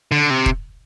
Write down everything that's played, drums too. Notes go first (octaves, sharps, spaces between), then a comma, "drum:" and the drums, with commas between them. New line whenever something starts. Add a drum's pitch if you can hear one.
D3
C3
drum: kick E1